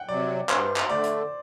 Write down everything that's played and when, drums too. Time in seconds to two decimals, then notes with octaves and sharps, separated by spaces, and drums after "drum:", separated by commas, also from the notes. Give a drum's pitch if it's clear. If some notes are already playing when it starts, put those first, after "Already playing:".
Already playing: F#5 G5
0.08 C3 F#3 D5
0.49 G2 C5, drum: clap
0.76 drum: clap
0.89 D3 A3 D5
1.03 drum: hi-hat